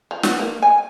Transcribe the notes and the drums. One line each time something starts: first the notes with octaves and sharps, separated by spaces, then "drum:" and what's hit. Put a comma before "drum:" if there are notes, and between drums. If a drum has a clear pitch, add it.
F3
B3, drum: snare
A#3
G#5